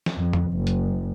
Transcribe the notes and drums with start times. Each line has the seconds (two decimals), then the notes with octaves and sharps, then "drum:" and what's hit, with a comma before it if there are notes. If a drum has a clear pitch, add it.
0.06 drum: snare
0.16 F2
0.33 drum: tom F2
0.52 F#1
0.67 drum: hi-hat